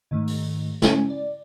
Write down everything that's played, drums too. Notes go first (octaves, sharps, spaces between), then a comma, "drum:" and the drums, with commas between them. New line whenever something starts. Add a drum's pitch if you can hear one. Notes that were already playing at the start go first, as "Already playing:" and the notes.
G#2 D#3 A3
drum: open hi-hat
C#4 E4 G#5, drum: snare
D5